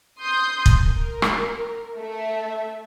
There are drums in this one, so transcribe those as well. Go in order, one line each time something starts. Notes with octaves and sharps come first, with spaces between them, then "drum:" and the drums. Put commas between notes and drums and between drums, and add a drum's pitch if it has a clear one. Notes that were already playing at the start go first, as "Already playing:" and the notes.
C6 D#6 G6
drum: kick
A#4
drum: rim click
A3 E5